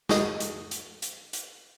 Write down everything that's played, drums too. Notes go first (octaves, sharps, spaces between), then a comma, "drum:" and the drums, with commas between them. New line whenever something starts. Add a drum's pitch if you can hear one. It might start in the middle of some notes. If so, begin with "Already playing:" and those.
F#4 G#4 D#5, drum: snare
drum: hi-hat
drum: hi-hat
drum: hi-hat
drum: hi-hat